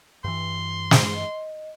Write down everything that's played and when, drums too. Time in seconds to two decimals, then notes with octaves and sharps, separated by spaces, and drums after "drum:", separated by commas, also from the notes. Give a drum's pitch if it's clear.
0.24 G2 E3 C6
0.91 drum: snare
1.15 D#5